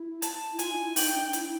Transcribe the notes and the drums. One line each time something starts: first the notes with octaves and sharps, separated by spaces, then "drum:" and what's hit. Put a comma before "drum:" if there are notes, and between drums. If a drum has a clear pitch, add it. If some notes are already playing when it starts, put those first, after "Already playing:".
Already playing: E4
A5, drum: hi-hat
E4
F4 G#5, drum: hi-hat
D#4
E4
D#4 G5, drum: open hi-hat
D4
E4, drum: hi-hat
E4